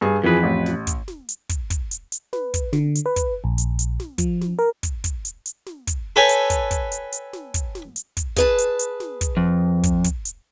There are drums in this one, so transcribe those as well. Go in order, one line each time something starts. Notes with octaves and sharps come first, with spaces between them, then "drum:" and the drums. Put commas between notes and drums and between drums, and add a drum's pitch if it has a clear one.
G2 G#4
F2 E3 F3 G#4 B4
A1
drum: snare
drum: kick, hi-hat
drum: snare
drum: hi-hat
drum: kick, hi-hat
drum: kick, hi-hat
drum: hi-hat
drum: hi-hat
B4, drum: snare
drum: kick, hi-hat
D3, drum: snare
drum: hi-hat
B4
drum: kick, hi-hat
A#1
drum: hi-hat
drum: hi-hat
drum: snare
F3, drum: kick, hi-hat
drum: snare
A#4
drum: kick, hi-hat
drum: kick, hi-hat
drum: hi-hat
drum: hi-hat
drum: snare
drum: kick, hi-hat
A4 B4 C#5 G5 G#5
drum: hi-hat
drum: kick, hi-hat
drum: kick, hi-hat
drum: hi-hat
drum: hi-hat
drum: snare
drum: kick, hi-hat
drum: snare
drum: hi-hat
drum: kick, hi-hat
G#4 B4 A5, drum: kick, hi-hat
drum: hi-hat
drum: hi-hat
drum: snare
drum: kick, hi-hat
F2
drum: kick, hi-hat
drum: kick, hi-hat
drum: hi-hat